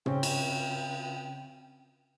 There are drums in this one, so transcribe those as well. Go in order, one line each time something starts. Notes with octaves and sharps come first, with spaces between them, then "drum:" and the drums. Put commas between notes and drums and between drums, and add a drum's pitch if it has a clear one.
C#3 C4 C#4 G5, drum: tom
drum: cymbal